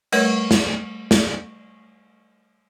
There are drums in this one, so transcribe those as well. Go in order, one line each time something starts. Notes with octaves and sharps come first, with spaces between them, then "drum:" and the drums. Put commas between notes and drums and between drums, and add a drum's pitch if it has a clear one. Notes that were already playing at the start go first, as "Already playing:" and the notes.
G3 A3 A#4 B4 C#5, drum: cymbal
drum: snare
drum: snare